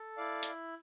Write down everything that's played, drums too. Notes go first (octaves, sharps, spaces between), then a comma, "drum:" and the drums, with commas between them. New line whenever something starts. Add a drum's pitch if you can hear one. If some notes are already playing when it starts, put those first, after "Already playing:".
Already playing: A4
E4 D5 F5
drum: hi-hat